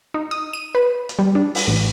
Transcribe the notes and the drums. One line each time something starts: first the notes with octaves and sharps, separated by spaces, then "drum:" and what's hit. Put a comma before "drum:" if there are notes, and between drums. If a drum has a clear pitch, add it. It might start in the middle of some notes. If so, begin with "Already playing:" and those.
D#4
D#6
D#7
B4
drum: hi-hat
G3
D4
drum: open hi-hat
A1